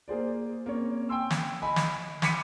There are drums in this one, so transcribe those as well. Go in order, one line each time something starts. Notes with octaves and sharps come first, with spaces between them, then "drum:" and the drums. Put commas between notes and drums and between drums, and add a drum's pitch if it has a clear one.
A#3 G#4 C5 D5
A#3 C4 C#4 C#5
G5 G#5 C6 E6
drum: snare
D#5 G#5 B5
drum: snare
B5 C6 D6 B6 C#7 D#7, drum: snare